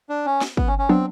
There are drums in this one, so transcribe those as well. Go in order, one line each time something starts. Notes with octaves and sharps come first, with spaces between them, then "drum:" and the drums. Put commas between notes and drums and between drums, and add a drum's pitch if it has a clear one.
D4
C#4
drum: snare
B3, drum: kick
C#4
C#4
F#3 B3 C4 D4